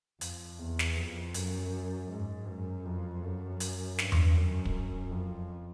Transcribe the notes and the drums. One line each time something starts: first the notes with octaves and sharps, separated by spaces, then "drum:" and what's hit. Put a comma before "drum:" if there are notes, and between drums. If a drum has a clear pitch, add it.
F2, drum: hi-hat
E2
drum: snare
F2
F#2, drum: hi-hat
G#2
F#2
F2
F#2
drum: hi-hat
G2, drum: snare
drum: tom E2
F#2
drum: kick
F2